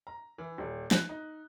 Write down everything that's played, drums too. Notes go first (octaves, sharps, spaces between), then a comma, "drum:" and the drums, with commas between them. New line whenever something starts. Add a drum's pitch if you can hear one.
A#5
E3
D#1
F#6, drum: snare
D#4